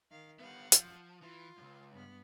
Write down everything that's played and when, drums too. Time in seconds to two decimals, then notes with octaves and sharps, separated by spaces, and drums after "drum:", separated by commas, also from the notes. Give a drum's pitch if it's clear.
0.11 D#3 F5
0.40 G3 B3 F5 F#5
0.72 F3, drum: hi-hat
1.22 E3 F4
1.58 C#2 F#2
1.92 G2 B3